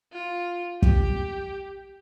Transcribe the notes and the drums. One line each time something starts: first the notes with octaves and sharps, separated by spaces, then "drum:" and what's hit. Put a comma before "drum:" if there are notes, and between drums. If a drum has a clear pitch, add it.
F4
G4, drum: kick